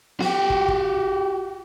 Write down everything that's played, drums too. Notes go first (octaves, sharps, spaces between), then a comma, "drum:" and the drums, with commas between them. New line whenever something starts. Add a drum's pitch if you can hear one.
F#4 G4, drum: snare B3
drum: kick
drum: kick